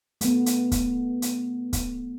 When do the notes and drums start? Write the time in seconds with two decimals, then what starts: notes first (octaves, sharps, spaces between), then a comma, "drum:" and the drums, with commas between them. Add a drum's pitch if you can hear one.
0.21 A3 B3, drum: hi-hat
0.46 drum: hi-hat
0.72 drum: kick, hi-hat
1.22 drum: hi-hat
1.73 drum: kick, hi-hat